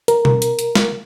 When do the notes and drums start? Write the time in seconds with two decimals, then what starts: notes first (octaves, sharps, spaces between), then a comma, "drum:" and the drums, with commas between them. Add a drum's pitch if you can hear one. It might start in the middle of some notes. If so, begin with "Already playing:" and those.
0.08 A#4, drum: hi-hat
0.25 drum: tom B2
0.42 drum: hi-hat
0.59 drum: hi-hat
0.75 drum: snare